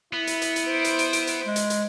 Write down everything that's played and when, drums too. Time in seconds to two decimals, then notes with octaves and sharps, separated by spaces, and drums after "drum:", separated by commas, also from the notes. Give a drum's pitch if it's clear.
0.13 B3 E4
0.27 drum: hi-hat
0.42 drum: hi-hat
0.56 drum: hi-hat
0.67 C5 D7
0.84 drum: hi-hat
0.99 drum: hi-hat
1.13 drum: hi-hat
1.27 drum: hi-hat
1.46 G#3
1.56 drum: hi-hat
1.70 drum: hi-hat